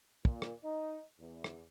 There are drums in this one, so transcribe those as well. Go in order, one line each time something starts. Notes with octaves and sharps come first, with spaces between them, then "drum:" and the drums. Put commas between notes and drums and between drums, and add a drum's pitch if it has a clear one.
A#2, drum: kick
drum: rim click
D#4
E2
drum: rim click